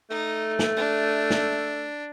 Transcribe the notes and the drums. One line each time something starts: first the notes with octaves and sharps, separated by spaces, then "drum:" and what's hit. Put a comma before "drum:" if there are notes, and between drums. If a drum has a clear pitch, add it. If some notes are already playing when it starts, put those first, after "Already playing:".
A3 D#4
drum: snare
D4
drum: snare